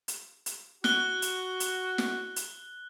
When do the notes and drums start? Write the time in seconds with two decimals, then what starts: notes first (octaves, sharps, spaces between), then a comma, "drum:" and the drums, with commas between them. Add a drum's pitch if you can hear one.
0.08 drum: hi-hat
0.46 drum: hi-hat
0.84 F#4 F#6 G7, drum: snare
1.22 drum: hi-hat
1.60 drum: hi-hat
1.98 drum: snare
2.36 drum: hi-hat